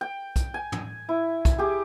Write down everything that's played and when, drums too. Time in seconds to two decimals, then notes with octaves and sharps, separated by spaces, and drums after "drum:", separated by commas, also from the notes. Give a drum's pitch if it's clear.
0.01 G5
0.36 drum: kick, hi-hat
0.54 G#5
0.72 drum: tom
1.09 E4
1.45 drum: kick, hi-hat
1.58 G4 G#4